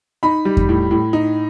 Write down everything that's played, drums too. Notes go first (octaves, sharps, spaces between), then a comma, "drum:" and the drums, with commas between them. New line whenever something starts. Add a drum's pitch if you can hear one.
D#4 B5
G3
drum: kick E2
A2
A2
D#4